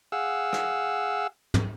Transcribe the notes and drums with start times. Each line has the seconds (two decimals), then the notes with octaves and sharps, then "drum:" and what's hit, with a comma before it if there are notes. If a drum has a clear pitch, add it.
0.12 G#4 F5 F#5 E6
0.53 drum: rim click
1.54 drum: tom